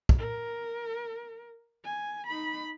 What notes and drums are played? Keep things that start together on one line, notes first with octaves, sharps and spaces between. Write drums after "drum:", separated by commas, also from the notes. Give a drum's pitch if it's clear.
drum: kick
A#4
G#5
D#4 B5